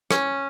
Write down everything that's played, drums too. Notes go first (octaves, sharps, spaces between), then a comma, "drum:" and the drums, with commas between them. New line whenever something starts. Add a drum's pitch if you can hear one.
C#4, drum: rim click